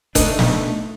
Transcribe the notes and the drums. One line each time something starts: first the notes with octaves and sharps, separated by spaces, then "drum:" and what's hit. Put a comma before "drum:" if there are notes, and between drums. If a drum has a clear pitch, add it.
A3 D4 D#4, drum: kick F1, hi-hat
drum: snare